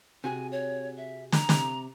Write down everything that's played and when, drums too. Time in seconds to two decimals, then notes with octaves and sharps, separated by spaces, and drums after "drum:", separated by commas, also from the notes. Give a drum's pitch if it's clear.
0.24 C3 F#4 G#4 G#5
0.52 C#5
0.97 E5
1.32 A#5, drum: snare
1.49 C3, drum: snare